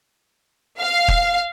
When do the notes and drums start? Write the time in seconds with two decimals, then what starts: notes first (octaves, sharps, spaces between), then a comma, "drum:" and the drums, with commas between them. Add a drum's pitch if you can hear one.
0.79 F5
1.08 drum: kick